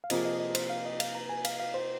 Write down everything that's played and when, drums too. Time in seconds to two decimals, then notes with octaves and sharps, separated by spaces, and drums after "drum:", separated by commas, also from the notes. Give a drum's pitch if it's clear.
0.04 F5
0.10 C3 F3 A#3 F4 G#4 D#5, drum: cymbal
0.25 D#5
0.40 D#5
0.55 C5, drum: cymbal
0.70 F5
0.85 D#5
1.00 F5, drum: cymbal
1.15 A#5
1.29 G#5
1.44 F5, drum: cymbal
1.60 F5
1.74 C5